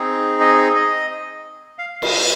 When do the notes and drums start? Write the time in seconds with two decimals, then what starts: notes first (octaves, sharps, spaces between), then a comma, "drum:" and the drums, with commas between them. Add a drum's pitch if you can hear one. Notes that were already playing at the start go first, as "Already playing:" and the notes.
Already playing: C4 D#4 G#4
0.41 D#5
0.75 D#5
1.79 F5
2.02 F5, drum: cymbal